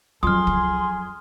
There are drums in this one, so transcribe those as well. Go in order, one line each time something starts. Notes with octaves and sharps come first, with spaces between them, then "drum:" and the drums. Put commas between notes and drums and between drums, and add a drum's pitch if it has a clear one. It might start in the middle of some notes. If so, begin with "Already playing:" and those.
F2 F#3 G#4 C6 D#6 F6
drum: kick